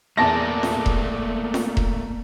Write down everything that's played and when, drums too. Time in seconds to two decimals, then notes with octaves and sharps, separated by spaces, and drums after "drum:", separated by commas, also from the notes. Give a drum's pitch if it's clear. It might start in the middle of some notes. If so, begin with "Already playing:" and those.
0.17 E2 A3 A#3 D5 A5 A#6
0.63 drum: snare
0.86 drum: kick E1
1.54 drum: snare
1.77 drum: kick E1